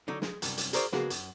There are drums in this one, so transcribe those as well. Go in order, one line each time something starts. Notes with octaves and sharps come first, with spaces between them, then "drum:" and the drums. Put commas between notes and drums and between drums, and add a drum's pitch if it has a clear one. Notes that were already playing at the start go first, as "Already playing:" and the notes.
D3 F#3 D#4
G#3, drum: snare
C2 F#2 G3, drum: hi-hat
drum: hi-hat
F#4 G#4 A#4 C5 D5, drum: hi-hat
C#3 G#3 A#3 B3 F#4 G#4, drum: snare
F#2, drum: hi-hat